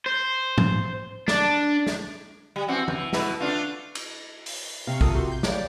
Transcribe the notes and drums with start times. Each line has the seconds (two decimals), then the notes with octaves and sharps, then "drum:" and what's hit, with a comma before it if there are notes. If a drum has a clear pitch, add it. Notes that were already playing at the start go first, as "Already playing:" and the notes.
0.06 C5
0.58 drum: tom
1.28 D4, drum: snare
1.87 drum: snare
2.56 G3
2.68 E3 C4 F#4
2.88 E3, drum: tom
3.13 B2 E4 B4, drum: snare
3.40 A3 D4 F4
3.95 drum: cymbal
4.46 drum: open hi-hat
4.87 C3 F5 C#6
5.01 F4 A4 A#4 D#6, drum: kick
5.14 F#4 G4 C6
5.32 G6
5.43 C#5 D5 F5 G5 D6 A6, drum: snare